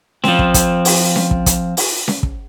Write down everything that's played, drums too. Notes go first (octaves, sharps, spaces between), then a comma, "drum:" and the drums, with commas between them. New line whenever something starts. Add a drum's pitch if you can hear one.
F3 C4, drum: snare C#4
drum: kick
drum: kick, hi-hat
drum: open hi-hat
drum: snare C#4
drum: kick
drum: kick, hi-hat
drum: open hi-hat
drum: snare C#4
drum: kick